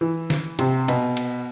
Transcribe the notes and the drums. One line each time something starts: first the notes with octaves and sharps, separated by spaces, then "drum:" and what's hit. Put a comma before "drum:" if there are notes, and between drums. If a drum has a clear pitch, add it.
E3
drum: snare
C3, drum: cymbal
B2, drum: cymbal
drum: cymbal